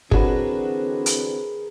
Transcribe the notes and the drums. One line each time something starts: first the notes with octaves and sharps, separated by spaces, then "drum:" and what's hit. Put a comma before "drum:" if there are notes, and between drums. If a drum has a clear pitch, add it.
D3 E3 C4 D4 F#4 G#4 A#4 B4, drum: kick G1
drum: hi-hat